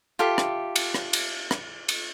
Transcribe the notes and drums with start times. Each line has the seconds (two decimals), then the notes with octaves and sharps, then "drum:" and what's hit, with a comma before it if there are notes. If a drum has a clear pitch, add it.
0.19 F4 G4 A4 E5
0.38 drum: rim click
0.76 drum: cymbal
0.94 drum: rim click
1.13 drum: cymbal
1.51 drum: rim click
1.89 drum: cymbal